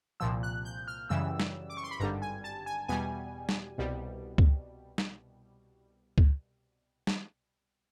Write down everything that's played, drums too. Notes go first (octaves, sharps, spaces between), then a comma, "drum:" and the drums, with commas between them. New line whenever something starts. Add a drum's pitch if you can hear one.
C2 A#2 F3 E6
F#6
G6
F6
F#2 C#3 E3 G3 E6
drum: snare
D6
C#6
C6
B5
G#1 G2 D3 G3 A#5
G#5
A5
G#5
E2 B2 G3 G#5
drum: snare
C2 B2 G3
drum: kick C#2
drum: snare
drum: kick C#2
drum: snare